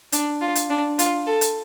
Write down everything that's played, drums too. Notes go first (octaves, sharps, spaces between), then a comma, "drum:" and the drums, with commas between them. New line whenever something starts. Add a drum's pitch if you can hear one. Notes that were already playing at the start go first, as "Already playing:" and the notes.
D4, drum: hi-hat
F4
drum: hi-hat
D4
F4, drum: hi-hat
A4
drum: hi-hat